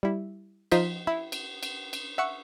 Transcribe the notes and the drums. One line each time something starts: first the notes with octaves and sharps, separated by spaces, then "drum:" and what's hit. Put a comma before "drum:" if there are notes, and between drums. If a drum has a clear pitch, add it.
G3 E4
F3 D#4 F4 C5 D#5 B6, drum: cymbal
E4
drum: cymbal
drum: cymbal
drum: cymbal
E5 F#5 C#6